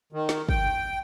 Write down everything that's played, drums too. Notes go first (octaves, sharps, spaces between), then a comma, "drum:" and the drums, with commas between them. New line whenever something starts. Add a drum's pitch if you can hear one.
D#3
drum: snare
G5, drum: kick